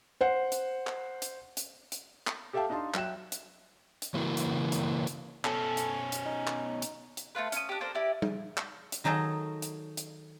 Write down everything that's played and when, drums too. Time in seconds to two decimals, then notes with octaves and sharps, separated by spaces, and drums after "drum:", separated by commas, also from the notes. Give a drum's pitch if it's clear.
0.21 C5 F#5
0.52 drum: hi-hat
0.87 drum: clap
1.22 drum: hi-hat
1.57 drum: hi-hat
1.92 drum: hi-hat
2.27 drum: clap
2.53 G4 A4 E5 F5 G5 A5
2.69 D4 D#4 D#5 F5 A5 C6
2.94 F#3 E5 G5 F#6 E7, drum: clap
3.32 drum: hi-hat
4.02 drum: hi-hat
4.14 C#3 E3 A#3 E4 F#4 A#4
4.37 drum: hi-hat
4.72 drum: hi-hat
5.07 drum: hi-hat
5.45 B2 C#4 A4, drum: clap
5.77 drum: hi-hat
6.12 drum: hi-hat
6.26 D#4
6.47 drum: clap
6.82 drum: hi-hat
7.17 drum: hi-hat
7.35 A3 C#4 F4 B4
7.52 C#4 D#6, drum: hi-hat
7.69 D4 G4
7.81 A#3 D4 A4 C5
7.95 E4 G4 D5
8.22 drum: tom G3
8.57 drum: clap
8.92 drum: hi-hat
9.04 D#3 F#3 D#4 G#4 A4
9.62 drum: hi-hat
9.97 drum: hi-hat